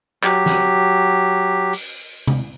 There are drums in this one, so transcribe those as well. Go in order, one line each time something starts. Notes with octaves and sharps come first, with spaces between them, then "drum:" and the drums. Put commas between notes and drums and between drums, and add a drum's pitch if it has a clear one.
F#3 G4, drum: clap
drum: snare
drum: open hi-hat
drum: tom C3